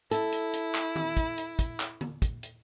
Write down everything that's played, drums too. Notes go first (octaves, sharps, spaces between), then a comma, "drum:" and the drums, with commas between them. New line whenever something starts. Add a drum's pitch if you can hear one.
E4 A4, drum: hi-hat
drum: hi-hat
drum: hi-hat
drum: clap
drum: tom D#3
drum: kick, hi-hat
drum: hi-hat
drum: kick, hi-hat
drum: clap
drum: tom D3
drum: kick, hi-hat
drum: hi-hat